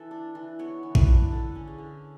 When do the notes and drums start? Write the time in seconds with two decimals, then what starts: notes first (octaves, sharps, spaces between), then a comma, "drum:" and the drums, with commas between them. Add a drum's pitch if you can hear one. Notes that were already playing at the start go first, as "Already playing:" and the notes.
Already playing: E3 A4
0.11 D4
0.35 E3
0.59 B3 C#5
0.83 E3
0.95 B4, drum: kick A1
1.07 D4
1.31 D3 A4
1.55 C#4
1.68 G#4
1.78 D3